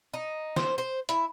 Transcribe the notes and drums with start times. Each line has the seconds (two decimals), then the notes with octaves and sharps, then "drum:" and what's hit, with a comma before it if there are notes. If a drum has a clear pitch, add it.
0.14 D#4
0.56 C5, drum: snare
0.78 C5
1.09 E4, drum: hi-hat